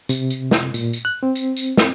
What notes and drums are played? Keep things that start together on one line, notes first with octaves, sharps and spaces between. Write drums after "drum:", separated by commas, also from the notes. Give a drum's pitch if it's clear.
C3, drum: tambourine
drum: tambourine
drum: snare
A#2, drum: tambourine
drum: tambourine
F#6
C4
drum: tambourine
drum: tambourine
drum: snare